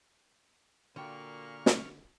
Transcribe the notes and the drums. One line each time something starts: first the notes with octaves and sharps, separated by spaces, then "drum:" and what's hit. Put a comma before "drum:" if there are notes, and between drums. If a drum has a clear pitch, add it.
A#2 D3 A#3 F#4 G5 C#6 F6
drum: snare